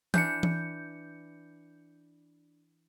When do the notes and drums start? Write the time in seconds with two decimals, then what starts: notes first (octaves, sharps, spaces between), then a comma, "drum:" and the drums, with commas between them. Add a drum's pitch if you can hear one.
0.14 E3 D4 G6 C#7, drum: tom E3
0.43 drum: tom E3